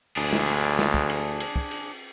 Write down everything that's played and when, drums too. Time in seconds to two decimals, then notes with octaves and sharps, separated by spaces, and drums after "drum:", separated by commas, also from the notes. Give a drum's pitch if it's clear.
0.17 D2 D4 G#4, drum: cymbal
0.33 drum: snare
0.48 drum: cymbal
0.79 drum: snare
0.94 drum: kick
1.10 drum: cymbal
1.40 drum: cymbal
1.56 drum: kick
1.71 drum: cymbal